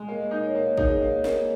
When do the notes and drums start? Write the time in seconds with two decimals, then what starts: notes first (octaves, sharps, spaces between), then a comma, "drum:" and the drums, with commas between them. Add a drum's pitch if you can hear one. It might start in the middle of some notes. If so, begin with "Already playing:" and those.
Already playing: G#3
0.09 A#3 D#5
0.31 D#4
0.44 C#5
0.55 A#3
0.77 D#4 G#4, drum: kick
1.01 A#3
1.24 A#3, drum: snare